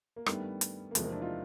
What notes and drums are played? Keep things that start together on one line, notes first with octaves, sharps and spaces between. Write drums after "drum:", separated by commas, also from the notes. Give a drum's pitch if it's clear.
A#3
G2 D#3 G3 A3 B3, drum: rim click
drum: hi-hat
A#3
E2 C3 F3 G#3 A3 B3, drum: hi-hat
A#3 C4
D4 E4
D#4 F4